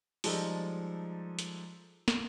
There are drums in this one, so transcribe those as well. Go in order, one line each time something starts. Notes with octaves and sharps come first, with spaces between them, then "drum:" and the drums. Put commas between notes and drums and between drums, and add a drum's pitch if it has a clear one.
F3 G3 G#3 D#4 A4, drum: open hi-hat
drum: hi-hat
drum: snare